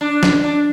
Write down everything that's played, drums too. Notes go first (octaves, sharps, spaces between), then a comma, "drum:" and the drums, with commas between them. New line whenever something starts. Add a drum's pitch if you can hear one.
D4
drum: snare
D4